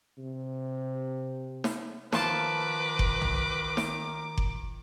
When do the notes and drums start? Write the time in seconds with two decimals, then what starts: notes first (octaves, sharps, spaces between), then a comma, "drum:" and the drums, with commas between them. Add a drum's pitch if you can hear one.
0.18 C3
1.64 drum: snare
2.12 D#3 F3 B4 A5 D6, drum: snare
2.99 drum: kick F#1
3.21 drum: tom B1
3.77 drum: snare
4.38 drum: kick F#1